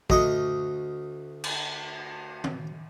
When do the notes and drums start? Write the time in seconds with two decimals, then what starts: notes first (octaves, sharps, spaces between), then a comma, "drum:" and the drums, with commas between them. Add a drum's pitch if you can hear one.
0.10 D2 D#5 C#6, drum: kick
1.44 drum: cymbal
2.44 drum: tom